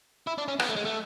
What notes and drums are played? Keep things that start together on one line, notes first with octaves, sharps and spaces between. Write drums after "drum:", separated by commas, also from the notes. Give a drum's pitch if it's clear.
E4
D4
C#4
B3, drum: rim click
A3
G#3
A3